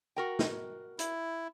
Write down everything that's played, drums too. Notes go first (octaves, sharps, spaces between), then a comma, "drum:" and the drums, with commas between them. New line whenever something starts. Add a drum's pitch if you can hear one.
F#4 A#4 G5
drum: snare
E4, drum: hi-hat